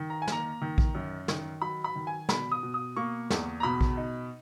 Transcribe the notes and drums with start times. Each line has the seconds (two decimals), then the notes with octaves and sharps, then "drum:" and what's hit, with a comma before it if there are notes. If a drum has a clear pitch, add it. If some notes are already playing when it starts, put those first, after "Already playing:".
Already playing: D#3
0.10 A#5
0.22 G#5
0.27 A#3 A#5, drum: snare
0.62 D#3
0.78 drum: kick A#1
0.95 F#2
1.28 D#3, drum: snare
1.62 F#3 B5
1.84 B5
1.96 D#3
2.07 G#5
2.29 B2 B5, drum: snare
2.51 D#6
2.63 B2
2.74 D#6
2.96 A#3 C#6
3.30 E2, drum: snare
3.60 A#5
3.63 B2 B5
3.81 drum: kick A#1
3.97 D#4